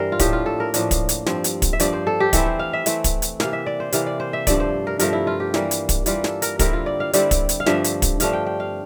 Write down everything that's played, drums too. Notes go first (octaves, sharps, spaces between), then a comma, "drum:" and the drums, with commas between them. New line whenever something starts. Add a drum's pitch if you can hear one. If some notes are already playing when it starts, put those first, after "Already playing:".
Already playing: G2 E3 G3 A#4 C5
F4
A2 F3 A#3 D4 G4, drum: kick, hi-hat
F4
A4
A#4
A2 F3 A#3 D4, drum: hi-hat
drum: kick, hi-hat
drum: hi-hat
G2 F3 C4, drum: snare
drum: hi-hat
drum: kick, hi-hat
E5
G2 F3 C4 D5, drum: hi-hat
C5
A4
G4
E3 A3 C4 E4 A4, drum: kick, hi-hat
C5
F5
E5
E3 A3 C4 E4, drum: hi-hat
drum: kick, hi-hat
drum: hi-hat
C3 E3 A#3 F5, drum: snare
E5
D5
C5
C3 E3 A#3 F5, drum: hi-hat
D5
C5
E5
G2 F3 A3 D5, drum: kick, hi-hat
C5
A#4
G2 F3 A3 A#4, drum: hi-hat
E4
F4
G4
E3 G3 A#3, drum: snare
drum: hi-hat
drum: kick, hi-hat
E3 G3 A#3 F4, drum: hi-hat
A4, drum: snare
A#4, drum: hi-hat
D3 G3 C4 E4 A#4, drum: kick, hi-hat
F4
D5
F5
D3 G3 C4 E4 D5, drum: hi-hat
drum: kick, hi-hat
drum: hi-hat
F5
G2 F3 A3 D4 E5, drum: snare
drum: hi-hat
drum: kick, hi-hat
G2 F3 A3 D4 F5, drum: hi-hat
G5
G5
F5